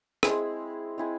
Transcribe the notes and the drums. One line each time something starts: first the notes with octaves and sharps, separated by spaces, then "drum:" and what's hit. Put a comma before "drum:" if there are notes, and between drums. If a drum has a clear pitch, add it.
G#3 C4 E4 G#4, drum: rim click
G#3 C4 E4 G#4